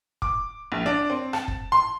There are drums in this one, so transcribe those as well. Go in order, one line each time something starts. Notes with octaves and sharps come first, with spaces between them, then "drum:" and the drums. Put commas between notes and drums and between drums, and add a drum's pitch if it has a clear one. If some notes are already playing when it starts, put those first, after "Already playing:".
D6, drum: kick
A#1
D4
C4
A5, drum: rim click
drum: kick
C6